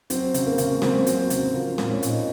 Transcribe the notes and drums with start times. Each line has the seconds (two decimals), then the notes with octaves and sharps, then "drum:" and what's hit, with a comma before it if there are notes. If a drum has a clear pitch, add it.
0.10 F#3 C4, drum: hi-hat
0.34 C#3, drum: hi-hat
0.46 A#3
0.58 C#3, drum: hi-hat
0.82 F#3 C4, drum: snare
1.07 F#3, drum: hi-hat
1.18 C4
1.30 C#3, drum: hi-hat
1.54 F3 A#3
1.72 C4
1.78 A#2, drum: snare
1.90 C#4
2.03 A#2, drum: hi-hat
2.08 D#4